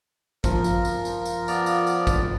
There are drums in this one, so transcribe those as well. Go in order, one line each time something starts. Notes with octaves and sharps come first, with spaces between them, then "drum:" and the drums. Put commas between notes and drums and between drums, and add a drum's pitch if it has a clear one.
F3 A#4, drum: kick, tambourine
drum: tambourine
drum: tambourine
drum: tambourine
drum: tambourine
B3 D5 F5 F#5 F6, drum: tambourine
drum: tambourine
drum: tambourine
drum: kick, tambourine